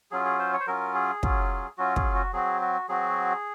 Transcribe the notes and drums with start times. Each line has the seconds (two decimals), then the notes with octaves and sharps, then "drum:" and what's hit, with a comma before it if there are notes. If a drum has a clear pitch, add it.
0.11 F#3 C#4 F4 G#4
0.25 G#4
0.39 C5
0.53 C#5
0.60 C5
0.67 F#3 C#4 F4 A#4
0.94 G#4
1.23 F#3 C#4 F4, drum: kick
1.78 F#3 C#4 F4 F#4
1.96 G#4, drum: kick
2.15 F#4
2.33 F#3 C4 F#4 G#4
2.61 F#4
2.89 F#3 C4 F#4 G#4